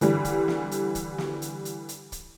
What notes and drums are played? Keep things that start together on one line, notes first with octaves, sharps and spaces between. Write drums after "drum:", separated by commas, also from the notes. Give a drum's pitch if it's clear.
D3 E3 G3, drum: hi-hat
drum: kick, hi-hat
drum: snare
drum: hi-hat
drum: kick, hi-hat
drum: snare
drum: hi-hat
drum: hi-hat
drum: hi-hat
drum: kick, hi-hat